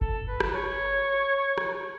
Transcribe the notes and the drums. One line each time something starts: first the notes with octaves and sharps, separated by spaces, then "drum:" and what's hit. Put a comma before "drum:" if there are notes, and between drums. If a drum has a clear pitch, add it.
A4, drum: kick G1
B4
drum: rim click
C#5
drum: rim click